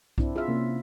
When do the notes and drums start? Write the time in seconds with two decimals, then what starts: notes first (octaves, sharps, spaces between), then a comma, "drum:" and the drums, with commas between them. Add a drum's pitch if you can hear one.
0.18 C4 D4 E4, drum: kick B1
0.36 F4 G#4 E5 F6
0.48 C3 A#3 C#4